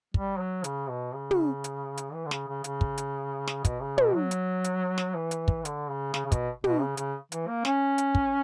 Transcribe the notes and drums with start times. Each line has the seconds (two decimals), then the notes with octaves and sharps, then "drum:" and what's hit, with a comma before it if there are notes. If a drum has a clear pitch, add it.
0.14 G3, drum: kick
0.39 F#3
0.64 C#3, drum: hi-hat
0.89 B2
1.14 C#3
1.31 drum: tom
1.64 drum: hi-hat
1.97 drum: hi-hat
2.14 E3
2.26 D3
2.31 C#3, drum: snare
2.48 C#3
2.64 C#3, drum: hi-hat
2.81 drum: kick
2.98 drum: hi-hat
3.48 drum: snare
3.65 B2, drum: kick, hi-hat
3.80 C#3
3.98 B2, drum: tom
4.14 F#3
4.31 drum: hi-hat
4.64 drum: hi-hat
4.98 drum: snare
5.15 E3
5.31 drum: hi-hat
5.48 drum: kick
5.65 D3, drum: hi-hat
5.90 C#3
6.14 C#3, drum: snare
6.26 C#3
6.32 B2, drum: kick, hi-hat
6.64 B2, drum: tom
6.81 C#3
6.97 C#3, drum: hi-hat
7.32 E3, drum: hi-hat
7.48 A#3
7.65 C#4, drum: snare
7.98 drum: hi-hat
8.15 drum: kick